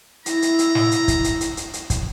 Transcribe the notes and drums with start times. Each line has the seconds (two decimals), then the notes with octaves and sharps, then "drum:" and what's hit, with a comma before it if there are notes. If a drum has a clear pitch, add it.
0.26 E4 A#5, drum: hi-hat
0.42 drum: hi-hat
0.59 drum: hi-hat
0.75 drum: snare
0.91 drum: hi-hat
1.08 drum: kick, hi-hat
1.24 drum: hi-hat
1.41 drum: hi-hat
1.57 drum: hi-hat
1.73 drum: hi-hat
1.90 drum: kick, hi-hat